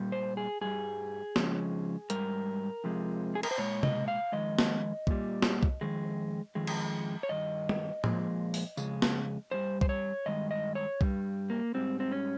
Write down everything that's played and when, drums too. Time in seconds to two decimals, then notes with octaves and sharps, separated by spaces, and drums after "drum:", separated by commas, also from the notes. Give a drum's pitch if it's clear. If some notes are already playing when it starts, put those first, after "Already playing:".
Already playing: A#2 G3
0.12 C5
0.37 G#4
0.61 G2 G3 G#4
1.36 F2 C#3 F3 G#3, drum: snare
2.10 G#2 G3 A#4, drum: hi-hat
2.84 F2 C3 F3 G#3
3.35 G#4
3.43 A#4, drum: cymbal
3.51 C5
3.58 A#2 G#3 C#5
3.83 D#5, drum: tom
4.08 F5
4.32 F2 D#3 G#3 D#5
4.59 drum: snare
5.07 A#2 G3, drum: kick
5.42 drum: snare
5.63 drum: kick
5.81 F2 D#3 G#3
6.55 F2 D#3 G#3
6.67 drum: cymbal
7.23 C#5
7.29 G2 D#3 D#5
7.69 drum: tom G3
8.04 A#2 F3 G#3, drum: tom
8.54 drum: open hi-hat
8.77 F2 C#3 G#3, drum: tambourine
9.02 drum: snare
9.51 G2 G3 C5
9.81 C5, drum: kick
9.89 C#5
10.26 G2 D#3 G#3 D#5
10.51 D#5
10.75 C#5
11.01 G2 G3, drum: kick
11.50 A#3
11.74 G#2 G3 C4
12.00 C4
12.12 C#4